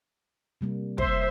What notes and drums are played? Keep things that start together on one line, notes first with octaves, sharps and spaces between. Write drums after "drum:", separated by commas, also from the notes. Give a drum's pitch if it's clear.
C3 G3 A#3
C5 E5, drum: kick